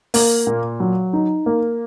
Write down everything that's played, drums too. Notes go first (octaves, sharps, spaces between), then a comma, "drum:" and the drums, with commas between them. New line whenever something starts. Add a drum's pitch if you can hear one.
A#3, drum: open hi-hat
A#2
F#3
D#4
A#3